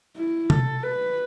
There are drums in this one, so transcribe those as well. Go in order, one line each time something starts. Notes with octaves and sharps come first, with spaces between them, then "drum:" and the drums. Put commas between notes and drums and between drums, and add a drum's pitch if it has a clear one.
E4
A4, drum: tom C3
B4